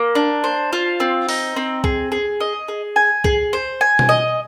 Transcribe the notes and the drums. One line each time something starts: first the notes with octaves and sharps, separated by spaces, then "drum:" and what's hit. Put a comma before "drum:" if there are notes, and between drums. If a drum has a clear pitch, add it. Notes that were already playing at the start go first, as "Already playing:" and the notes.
Already playing: A#3
D4
C5
F4
C4
D#4, drum: open hi-hat
C4
G#4, drum: kick
G#4
D#5
G#4
G#5
G#4, drum: kick
C5
G#5
drum: tom B2
D#5